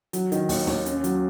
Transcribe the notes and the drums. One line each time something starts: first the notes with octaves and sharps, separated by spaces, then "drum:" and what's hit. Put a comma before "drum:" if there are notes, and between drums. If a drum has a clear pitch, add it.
F#3, drum: hi-hat
D#3, drum: hi-hat
D#2, drum: open hi-hat
D#2, drum: snare
C#4, drum: hi-hat
F#3, drum: hi-hat